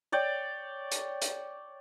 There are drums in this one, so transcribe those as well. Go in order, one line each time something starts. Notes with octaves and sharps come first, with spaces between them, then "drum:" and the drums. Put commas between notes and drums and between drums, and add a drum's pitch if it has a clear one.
C#5 D5 G5
drum: hi-hat
drum: hi-hat